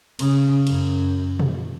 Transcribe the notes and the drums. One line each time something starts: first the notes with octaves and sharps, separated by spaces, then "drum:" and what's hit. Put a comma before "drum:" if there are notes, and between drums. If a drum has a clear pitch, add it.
C#3, drum: cymbal
F#2, drum: cymbal
drum: tom